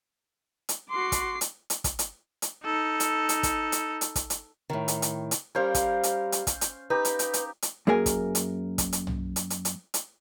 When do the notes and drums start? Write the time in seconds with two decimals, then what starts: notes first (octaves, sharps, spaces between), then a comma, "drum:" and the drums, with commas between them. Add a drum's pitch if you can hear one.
0.69 drum: hi-hat
0.91 F#4 C6 D6 C7
1.12 drum: kick, hi-hat
1.41 drum: hi-hat
1.70 drum: hi-hat
1.84 drum: kick, hi-hat
1.99 drum: hi-hat
2.42 drum: hi-hat
2.65 D#4 A4
3.00 drum: hi-hat
3.29 drum: hi-hat
3.43 drum: kick, hi-hat
3.72 drum: hi-hat
4.01 drum: hi-hat
4.16 drum: kick, hi-hat
4.30 drum: hi-hat
4.70 A2 D#3
4.88 drum: hi-hat
5.02 drum: hi-hat
5.31 drum: hi-hat
5.55 G3 C#4 A#4 C5 F5
5.75 drum: kick, hi-hat
6.03 drum: hi-hat
6.32 drum: hi-hat
6.47 drum: kick, hi-hat
6.61 drum: hi-hat
6.90 D#4 G4 B4
7.05 drum: hi-hat
7.19 drum: hi-hat
7.34 drum: hi-hat
7.62 drum: hi-hat
7.87 F#2 A#3 G#4 A#4 G#5
8.06 drum: kick, hi-hat
8.35 drum: hi-hat
8.78 drum: kick, hi-hat
8.93 drum: hi-hat
9.07 drum: tom
9.36 drum: hi-hat
9.50 drum: hi-hat
9.65 drum: hi-hat
9.94 drum: hi-hat